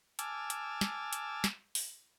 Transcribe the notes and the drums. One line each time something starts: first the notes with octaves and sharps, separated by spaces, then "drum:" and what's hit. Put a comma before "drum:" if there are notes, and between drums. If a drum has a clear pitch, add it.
G#5 A5 D6 E6 F6, drum: hi-hat
drum: hi-hat
drum: snare
drum: hi-hat
drum: snare
drum: open hi-hat